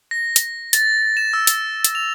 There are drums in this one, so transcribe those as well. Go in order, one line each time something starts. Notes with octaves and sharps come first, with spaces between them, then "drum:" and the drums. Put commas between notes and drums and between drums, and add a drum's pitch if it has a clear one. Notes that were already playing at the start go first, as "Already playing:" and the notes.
A#6
drum: hi-hat
A6, drum: hi-hat
E7
E6
drum: hi-hat
drum: hi-hat
F7